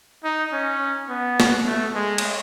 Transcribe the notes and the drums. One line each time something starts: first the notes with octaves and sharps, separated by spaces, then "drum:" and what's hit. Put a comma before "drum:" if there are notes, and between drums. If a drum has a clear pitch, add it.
D#4
C#4
B3
drum: snare
A3
G#3
drum: cymbal